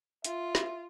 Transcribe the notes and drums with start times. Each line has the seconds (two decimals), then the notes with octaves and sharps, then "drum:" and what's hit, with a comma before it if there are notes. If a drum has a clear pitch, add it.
0.24 F4 E5, drum: hi-hat
0.55 drum: snare